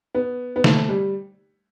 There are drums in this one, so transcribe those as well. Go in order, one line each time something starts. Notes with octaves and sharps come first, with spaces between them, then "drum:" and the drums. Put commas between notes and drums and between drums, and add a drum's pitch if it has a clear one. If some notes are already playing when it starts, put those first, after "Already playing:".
B3
B3
A3, drum: snare D3
G3